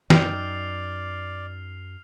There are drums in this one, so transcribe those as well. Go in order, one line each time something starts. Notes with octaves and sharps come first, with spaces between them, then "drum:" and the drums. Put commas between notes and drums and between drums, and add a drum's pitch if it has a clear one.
F#2 D#4 D5 G5 F6 C7 F7, drum: snare